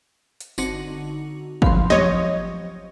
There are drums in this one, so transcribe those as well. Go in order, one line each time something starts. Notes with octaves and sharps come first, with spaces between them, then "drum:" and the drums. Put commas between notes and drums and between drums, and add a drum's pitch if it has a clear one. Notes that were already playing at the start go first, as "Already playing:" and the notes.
drum: hi-hat
G1 D3 C4 D#4 F#4 C#7, drum: tambourine
F3 F#3 C4 F5 B5 C6, drum: kick G1
G4 C#5 D#5, drum: snare